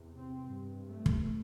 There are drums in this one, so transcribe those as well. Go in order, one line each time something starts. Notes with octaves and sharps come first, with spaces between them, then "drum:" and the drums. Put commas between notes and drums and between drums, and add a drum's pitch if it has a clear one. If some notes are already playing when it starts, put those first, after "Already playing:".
Already playing: E2 C3
C4
G2
A3
drum: kick